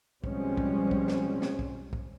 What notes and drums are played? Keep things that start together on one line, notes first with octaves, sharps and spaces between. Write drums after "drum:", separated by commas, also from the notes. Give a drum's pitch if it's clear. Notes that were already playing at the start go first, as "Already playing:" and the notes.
B2 F3 G3 G#3 C4 C#4, drum: kick
drum: kick
drum: kick
drum: snare
drum: snare
drum: kick
drum: kick